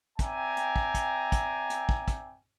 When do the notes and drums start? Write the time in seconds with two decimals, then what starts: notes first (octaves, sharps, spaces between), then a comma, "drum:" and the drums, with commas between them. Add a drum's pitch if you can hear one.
0.19 C4 D5 E5 G5 G#5 A#5, drum: kick, hi-hat
0.57 drum: hi-hat
0.76 drum: kick
0.94 drum: kick, hi-hat
1.32 drum: kick, hi-hat
1.70 drum: hi-hat
1.89 drum: kick
2.08 drum: kick, hi-hat